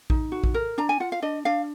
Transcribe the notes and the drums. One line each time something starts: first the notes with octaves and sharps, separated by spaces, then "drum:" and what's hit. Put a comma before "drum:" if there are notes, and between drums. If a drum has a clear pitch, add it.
D#4, drum: kick A#1
F#4
drum: kick A#1
A#4
D4 A#5
G#5
F4 F#5
F5
D4 D#5
D4 F5